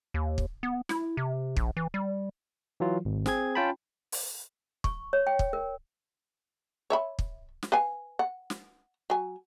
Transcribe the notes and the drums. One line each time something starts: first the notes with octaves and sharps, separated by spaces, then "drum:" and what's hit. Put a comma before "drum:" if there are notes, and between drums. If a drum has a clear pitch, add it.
D#2
drum: kick
B3
E4, drum: snare
C3
A#1, drum: kick
E3
G3
E3 F#3 F4
G#1
C4 G#4 G#6, drum: snare
C#4 F4 G5 A5 B5
drum: open hi-hat
C#6, drum: kick
C#5
G5
drum: kick
A#4
C#5 E5 B5
drum: kick
drum: snare
B4 F5 G#5
F#5
drum: snare
F#3 G#5